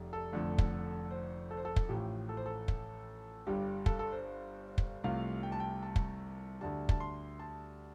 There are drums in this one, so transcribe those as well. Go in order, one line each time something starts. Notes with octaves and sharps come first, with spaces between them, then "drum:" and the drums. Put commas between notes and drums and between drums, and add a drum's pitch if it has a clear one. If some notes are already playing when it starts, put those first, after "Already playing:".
Already playing: F1 G3
A4
F1 F2 D3 A3
drum: kick
C5
A4
C5
A4
drum: kick
A1 A2 F3 G4
A4
C5
A4
drum: kick
G1 G2 G3 G4
A4, drum: kick
A4
C5
drum: kick
C2 C3 F3 A3 F5
G5
A5
G5
A5
drum: kick
D2 D3 G3 A5
A5, drum: kick
C6
A5